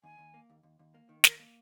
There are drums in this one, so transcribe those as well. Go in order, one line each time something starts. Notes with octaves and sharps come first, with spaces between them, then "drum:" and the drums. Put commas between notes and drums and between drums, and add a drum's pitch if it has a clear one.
D#2 G#5
D#2
A#3
D#2
D#2
D#2
A#3
D#3
D#2 A#4, drum: snare
A#3